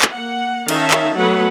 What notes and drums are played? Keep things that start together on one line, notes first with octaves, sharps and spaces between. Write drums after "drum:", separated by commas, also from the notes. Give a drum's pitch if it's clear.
drum: clap
A#3 F#5
D#3 C#4 D#4 E5 F5 A5, drum: cymbal
drum: clap
F#3 A3 B3 B4 F#5